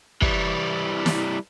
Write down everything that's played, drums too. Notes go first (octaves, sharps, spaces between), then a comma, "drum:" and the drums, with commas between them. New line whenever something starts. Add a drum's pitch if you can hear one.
E3 G3, drum: kick
drum: snare